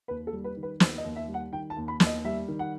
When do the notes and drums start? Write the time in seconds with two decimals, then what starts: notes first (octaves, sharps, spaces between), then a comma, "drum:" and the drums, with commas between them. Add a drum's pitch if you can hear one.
0.08 D#2 B4
0.27 A4
0.33 G3
0.44 B4
0.57 D#3
0.63 B4
0.80 D#2 C5, drum: snare
0.98 D#5
1.04 D#2
1.16 E5
1.28 G3
1.34 F#5
1.52 D#3 G5
1.70 A5
1.76 D#2
1.88 B5
2.00 D#2, drum: snare
2.06 D#5
2.25 G3 E5
2.48 D#3
2.59 F#5